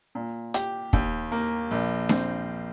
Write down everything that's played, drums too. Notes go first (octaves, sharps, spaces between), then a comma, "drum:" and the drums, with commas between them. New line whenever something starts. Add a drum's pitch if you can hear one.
A#2
G4, drum: hi-hat
D#2, drum: kick
A#3
A#1
C4, drum: snare D4